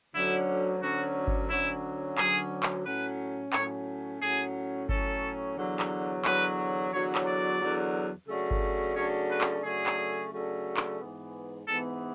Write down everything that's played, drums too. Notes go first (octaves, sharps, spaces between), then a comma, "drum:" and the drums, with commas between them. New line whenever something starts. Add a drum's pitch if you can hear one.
D2 D3 F#3 C#4 E4
D2 D3 F#3 C#4 F#4
drum: kick G1
D2 D3 F#3 C#4 E4
D2 D3 F#3 C#4 G#4, drum: clap
drum: clap
A2 F#3 C#4 B4
A2 F#3 C#4 C#5, drum: clap
A2 F#3 C#4 G#4
A2 F#3 C#4 A4, drum: kick G1
E2 D3 F#3
drum: clap
E2 D3 F#3 B4, drum: clap
E2 D3 F#3 C#5
drum: clap
D5
E2 D3 F#3
C#3 F#3 A3 D4 A4
drum: kick G1
C#3 F#3 A3 D4 A4 C#5
B4
drum: clap
C#3 F#3 A3 D4 G#4 A4
drum: clap
C#3 F#3 A3 D4 A4
drum: clap
G#2 E3 B3
G#2 E3 B3 A4